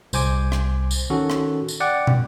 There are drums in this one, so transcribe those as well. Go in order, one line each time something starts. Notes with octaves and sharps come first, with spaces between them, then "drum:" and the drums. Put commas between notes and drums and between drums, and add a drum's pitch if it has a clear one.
C2 C5 G#5 D6, drum: tambourine
drum: rim click
drum: tambourine
D#3 C#4 F#4 A4
drum: rim click
drum: tambourine
D5 F#5 G5 D6
drum: tom